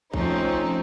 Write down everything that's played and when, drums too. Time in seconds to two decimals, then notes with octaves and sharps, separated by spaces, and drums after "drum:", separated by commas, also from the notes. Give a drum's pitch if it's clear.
0.14 F3 A3 C4 C#4 D#4, drum: kick